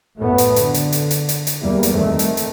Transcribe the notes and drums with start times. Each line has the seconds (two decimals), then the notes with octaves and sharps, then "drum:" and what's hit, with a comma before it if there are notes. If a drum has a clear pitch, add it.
0.16 F#2 A2 A3 B3
0.38 drum: hi-hat
0.56 D3, drum: hi-hat
0.74 drum: hi-hat
0.92 drum: hi-hat
1.11 drum: hi-hat
1.29 drum: hi-hat
1.47 drum: hi-hat
1.61 E2 G3 A#3
1.83 drum: hi-hat
1.94 D#3 A3 C4
2.19 drum: hi-hat
2.37 drum: hi-hat